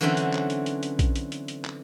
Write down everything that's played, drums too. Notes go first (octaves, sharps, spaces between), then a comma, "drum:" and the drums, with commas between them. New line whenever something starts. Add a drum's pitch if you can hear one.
D3 E3 F#3 C4 C#4 E5
drum: hi-hat
drum: clap
drum: hi-hat
drum: hi-hat
drum: hi-hat
drum: kick A#1, hi-hat
drum: hi-hat
drum: hi-hat
drum: hi-hat
drum: clap